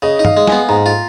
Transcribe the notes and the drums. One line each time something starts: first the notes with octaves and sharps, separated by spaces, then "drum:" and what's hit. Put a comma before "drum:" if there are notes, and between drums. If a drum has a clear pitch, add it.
C#3 D#5
D#4
F5, drum: tom G2
G#3
B3 G#5, drum: snare
G#2 A#5
F4